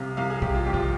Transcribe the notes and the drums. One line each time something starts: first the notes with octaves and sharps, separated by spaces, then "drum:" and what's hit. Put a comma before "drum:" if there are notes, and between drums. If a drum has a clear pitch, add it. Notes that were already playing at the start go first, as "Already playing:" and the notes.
Already playing: C2 C3 F5
C2 F5
G#4
C2 G4, drum: kick
F4
F2 G4
F4, drum: kick
G4